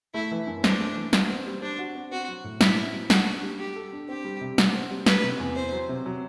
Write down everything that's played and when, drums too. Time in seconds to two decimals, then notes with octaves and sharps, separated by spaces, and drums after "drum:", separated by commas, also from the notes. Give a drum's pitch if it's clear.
0.14 A3 E4
0.31 E3
0.47 F#2
0.64 C4 D4, drum: snare
0.80 A3
0.96 E3
1.13 F#4, drum: snare
1.30 C4
1.46 G3
1.62 D4 C5
1.78 F#4
1.95 C4
2.11 C4 F#4
2.28 F#3
2.44 A2
2.61 A2 E4, drum: snare
2.77 C4
2.94 F#3
3.10 F#4 A4, drum: snare
3.26 D4
3.42 G3
3.59 G3 G4
3.76 A4
3.92 D4
4.09 C4 G4
4.24 G3
4.41 C3
4.58 F#4, drum: snare
4.74 C4
4.90 G3
5.06 F#3 B4, drum: snare
5.23 C3
5.39 E2
5.56 C4 C5
5.72 F#3
5.89 C3
6.06 F#3